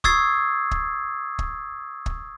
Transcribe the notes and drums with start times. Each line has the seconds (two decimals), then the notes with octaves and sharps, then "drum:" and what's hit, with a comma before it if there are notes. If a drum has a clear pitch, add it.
0.04 C#6 D#6 E6 G#6 A6 C7, drum: kick
0.71 drum: kick
1.39 drum: kick
2.06 drum: kick